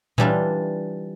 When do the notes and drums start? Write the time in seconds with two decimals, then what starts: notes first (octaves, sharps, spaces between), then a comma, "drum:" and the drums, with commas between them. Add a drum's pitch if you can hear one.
0.18 E3 G3 D4 F4, drum: tom A#2